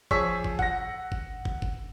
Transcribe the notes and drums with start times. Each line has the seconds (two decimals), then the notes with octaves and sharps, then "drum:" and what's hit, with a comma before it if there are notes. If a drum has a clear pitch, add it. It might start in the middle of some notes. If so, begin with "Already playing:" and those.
0.11 F3 G#4 C#5 C#6 E6 B6, drum: kick
0.44 drum: kick
0.59 F#5 A#6, drum: kick
1.12 drum: kick
1.45 drum: kick
1.62 drum: kick